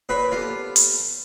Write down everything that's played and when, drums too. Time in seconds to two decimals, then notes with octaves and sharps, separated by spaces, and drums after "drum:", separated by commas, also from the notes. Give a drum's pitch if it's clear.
0.09 A#2 B4 C#5 D5 B5
0.32 B3 F4 G4 A4
0.76 drum: hi-hat